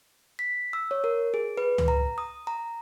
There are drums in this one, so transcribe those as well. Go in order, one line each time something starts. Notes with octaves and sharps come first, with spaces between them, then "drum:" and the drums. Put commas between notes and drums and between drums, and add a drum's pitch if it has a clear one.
B6
E6
C#5
A#4
G#4
B4
drum: tom C#2
A#5
D#6
A#5